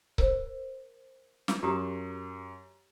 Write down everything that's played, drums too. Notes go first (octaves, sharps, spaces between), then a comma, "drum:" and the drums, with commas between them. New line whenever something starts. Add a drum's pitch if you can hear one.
A#4 C5, drum: kick C#1
drum: snare
F#2 G4 A#5 D#6